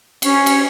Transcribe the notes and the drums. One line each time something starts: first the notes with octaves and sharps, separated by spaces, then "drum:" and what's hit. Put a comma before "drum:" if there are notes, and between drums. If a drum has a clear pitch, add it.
C#4, drum: cymbal
drum: cymbal